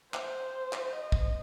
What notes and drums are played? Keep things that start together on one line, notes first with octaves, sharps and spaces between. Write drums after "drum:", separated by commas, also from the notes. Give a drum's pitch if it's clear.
C5, drum: clap
drum: clap
D#5
drum: kick